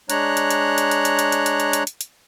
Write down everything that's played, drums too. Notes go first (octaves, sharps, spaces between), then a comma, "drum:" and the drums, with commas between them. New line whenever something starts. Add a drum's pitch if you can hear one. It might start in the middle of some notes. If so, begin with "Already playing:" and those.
G#3 D4 C#5 A#5 F#6, drum: hi-hat
drum: hi-hat
drum: hi-hat
drum: hi-hat
drum: hi-hat
drum: hi-hat
drum: hi-hat
drum: hi-hat
drum: hi-hat
drum: hi-hat
drum: hi-hat
drum: hi-hat
drum: hi-hat